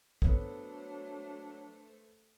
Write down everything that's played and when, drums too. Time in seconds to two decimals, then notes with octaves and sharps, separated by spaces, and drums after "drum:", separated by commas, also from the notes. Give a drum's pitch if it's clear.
0.22 F#3 A3 B3 D4 A4 C5, drum: kick